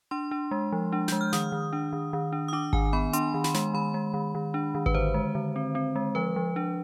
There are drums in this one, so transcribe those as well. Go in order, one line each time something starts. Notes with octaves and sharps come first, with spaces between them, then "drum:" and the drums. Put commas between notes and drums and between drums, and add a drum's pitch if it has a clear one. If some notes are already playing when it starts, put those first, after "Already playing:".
D4 C6
D4
G#3
F3
D4
G#3 G6, drum: snare
F6
D#3 D#6, drum: snare
D#3
D4
D#3
D#3
D4
D#6
D4 D6
D#3 G#5, drum: kick G#1
B3 B5
D4 C6, drum: hi-hat
D#3
B5, drum: snare
G#3, drum: snare
D#3 B5
G#3
D#3
D#3
D4
D#3
B4, drum: kick G#1
D3 C5
G#3
D3
C4
C4
G#3
F3 B4
F3
D4